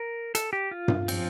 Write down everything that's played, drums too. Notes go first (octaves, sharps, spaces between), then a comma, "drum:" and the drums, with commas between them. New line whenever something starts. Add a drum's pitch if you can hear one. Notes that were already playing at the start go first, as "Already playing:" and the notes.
Already playing: A#4
A4, drum: hi-hat
G4
F4
drum: tom G2
F3 C4, drum: cymbal